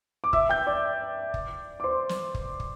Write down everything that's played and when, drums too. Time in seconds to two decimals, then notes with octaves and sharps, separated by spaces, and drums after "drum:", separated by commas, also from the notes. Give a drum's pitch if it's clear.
0.24 D6
0.33 E5 E6, drum: kick
0.49 G5 G6
0.67 D5 D6
1.34 drum: kick
1.80 D6
1.84 C5 C6
2.09 drum: snare
2.34 drum: kick
2.60 drum: kick